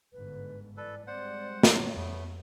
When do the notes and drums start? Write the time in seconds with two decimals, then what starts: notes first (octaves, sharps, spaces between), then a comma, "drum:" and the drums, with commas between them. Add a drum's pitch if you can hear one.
0.13 G1 G#2 D3 B4
0.77 G#2 E3 A4 B4 D5
1.07 G3 G#3 C4 C5 D5 F#5
1.63 C#5, drum: snare
1.97 F2 A3 B3